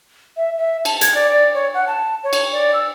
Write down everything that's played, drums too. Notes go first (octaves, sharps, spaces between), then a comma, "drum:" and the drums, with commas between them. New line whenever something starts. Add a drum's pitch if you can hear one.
E5
E5
A5, drum: cymbal
G#6, drum: hi-hat
D5
D5
C#5
F#5
A5
C#5
drum: cymbal
D5
E6